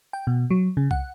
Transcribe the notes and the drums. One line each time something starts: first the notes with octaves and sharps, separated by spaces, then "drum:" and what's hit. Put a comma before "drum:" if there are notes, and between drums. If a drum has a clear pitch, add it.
G5
B2
F#3
C#3
F#5, drum: kick